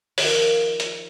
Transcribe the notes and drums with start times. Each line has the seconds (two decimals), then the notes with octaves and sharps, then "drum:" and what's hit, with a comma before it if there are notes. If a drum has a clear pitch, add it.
0.18 D#3 F3, drum: open hi-hat
0.80 drum: hi-hat